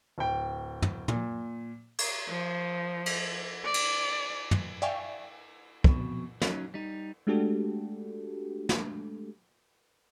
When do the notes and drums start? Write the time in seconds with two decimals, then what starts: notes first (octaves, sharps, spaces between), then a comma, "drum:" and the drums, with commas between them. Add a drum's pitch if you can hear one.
0.18 D1 G5
0.82 drum: tom
1.08 A#2, drum: tom
1.99 drum: cymbal
2.29 F3
3.06 drum: cymbal
3.64 D5
3.74 drum: cymbal
4.51 drum: tom
4.82 D5 E5 F5 G5 G#5 C#6
5.84 F2 B2, drum: kick
6.42 F#3 C#4 D#4, drum: snare
6.74 G3 D#4
7.27 G#3 A3 D4 F#4 G4 A4
8.69 drum: snare